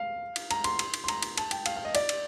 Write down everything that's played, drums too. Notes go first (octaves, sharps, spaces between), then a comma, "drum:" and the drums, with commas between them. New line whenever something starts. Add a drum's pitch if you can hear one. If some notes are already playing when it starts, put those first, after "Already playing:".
Already playing: F5
drum: cymbal
A#5, drum: cymbal
C6, drum: cymbal
drum: cymbal
drum: cymbal
C6
A#5, drum: cymbal
drum: cymbal
A5, drum: cymbal
G5, drum: cymbal
F5, drum: cymbal
F5
D#5
D5, drum: cymbal
drum: cymbal